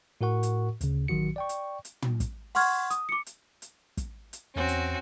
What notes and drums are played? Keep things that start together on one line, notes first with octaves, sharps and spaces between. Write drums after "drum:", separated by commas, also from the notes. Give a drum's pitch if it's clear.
A2 F#4 A#4 F#5 C#6
drum: hi-hat
D2 C#3, drum: hi-hat
A1 D#3 F#3 F#4 C#7
D5 G5 C#6
drum: hi-hat
drum: hi-hat
drum: tom
drum: kick, hi-hat
F#5 C6 C#6 F6 G#6, drum: open hi-hat
D#6, drum: hi-hat
D6 C#7
drum: hi-hat
drum: hi-hat
drum: kick, hi-hat
drum: hi-hat
E2 C4 C#4 F#4
drum: hi-hat